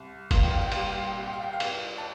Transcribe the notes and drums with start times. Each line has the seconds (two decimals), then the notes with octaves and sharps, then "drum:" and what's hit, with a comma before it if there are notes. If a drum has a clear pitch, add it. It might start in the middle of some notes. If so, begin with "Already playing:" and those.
Already playing: C2
0.31 A#2 F5, drum: kick F#1, cymbal
0.41 G5
0.51 F5
0.62 G5
0.72 G3 F5, drum: cymbal
0.81 G5
0.92 F5
1.03 G5
1.12 C2 F5
1.23 G5
1.33 F5
1.43 G5
1.53 F5
1.60 C2, drum: cymbal
1.98 A5